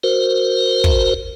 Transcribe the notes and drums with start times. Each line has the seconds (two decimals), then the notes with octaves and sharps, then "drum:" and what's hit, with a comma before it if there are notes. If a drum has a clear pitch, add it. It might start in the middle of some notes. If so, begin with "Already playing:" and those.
0.04 F#4 A#4 C5
0.84 drum: kick